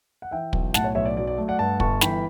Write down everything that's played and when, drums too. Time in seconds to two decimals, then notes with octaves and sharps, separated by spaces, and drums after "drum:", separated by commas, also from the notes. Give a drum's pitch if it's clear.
0.22 F#5
0.31 E3 E5 G5
0.53 B1, drum: kick
0.74 A2 F#5 A5, drum: snare
0.84 C#5
0.95 B1 C#5 E5
1.05 D5
1.17 F#3 D5
1.27 D5
1.38 A3
1.48 D5 F#5
1.59 G2 F#5 A5
1.80 G1 A5 C#6, drum: kick
2.01 E3 G5 B5, drum: snare